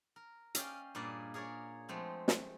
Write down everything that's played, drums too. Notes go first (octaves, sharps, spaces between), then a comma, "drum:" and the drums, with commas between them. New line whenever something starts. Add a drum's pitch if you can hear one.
A#4
C#4 D5 D#5 F5 G5, drum: hi-hat
G2 A#2 A#3 G#4 D5 D#5
G#4 A#4 C#5 D5 A#5
F3 G#3 A3 C4
drum: snare